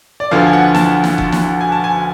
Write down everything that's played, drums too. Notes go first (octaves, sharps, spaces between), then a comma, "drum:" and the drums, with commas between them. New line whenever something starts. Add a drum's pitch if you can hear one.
D5
D2 D3 F3 B3 F5
G#5
F#5
A5, drum: snare
drum: snare
drum: kick F#1
drum: snare
G#5
A5
G#5